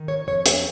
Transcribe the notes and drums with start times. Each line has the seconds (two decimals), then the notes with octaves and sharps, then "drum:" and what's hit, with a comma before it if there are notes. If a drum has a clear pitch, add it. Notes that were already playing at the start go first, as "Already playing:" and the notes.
Already playing: D#3
0.08 C#5
0.27 F2 C#5
0.46 drum: hi-hat